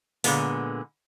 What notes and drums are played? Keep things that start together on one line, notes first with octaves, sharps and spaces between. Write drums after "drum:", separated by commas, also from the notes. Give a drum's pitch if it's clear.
A#2 D3 E3 G#3 B3, drum: open hi-hat